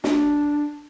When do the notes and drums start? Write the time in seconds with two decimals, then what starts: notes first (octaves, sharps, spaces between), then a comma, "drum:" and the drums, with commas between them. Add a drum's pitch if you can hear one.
0.04 D4, drum: snare